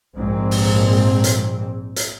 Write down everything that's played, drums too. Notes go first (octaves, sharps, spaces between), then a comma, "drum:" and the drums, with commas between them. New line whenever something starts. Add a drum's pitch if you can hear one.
A#1 G#2 C4
drum: open hi-hat
drum: hi-hat
drum: hi-hat